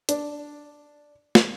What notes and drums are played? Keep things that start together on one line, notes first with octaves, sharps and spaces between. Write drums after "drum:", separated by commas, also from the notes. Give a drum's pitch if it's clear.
D4, drum: hi-hat
drum: snare